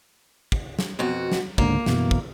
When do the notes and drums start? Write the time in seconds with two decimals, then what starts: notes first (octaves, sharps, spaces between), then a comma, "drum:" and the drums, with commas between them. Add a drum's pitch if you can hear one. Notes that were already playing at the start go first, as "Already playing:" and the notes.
0.52 drum: kick
0.79 drum: snare
0.99 F2 B2 F#4
1.32 drum: snare
1.58 C#2 G#2 D3 A#3, drum: kick
1.86 F#2 B2 E3, drum: snare
2.11 drum: kick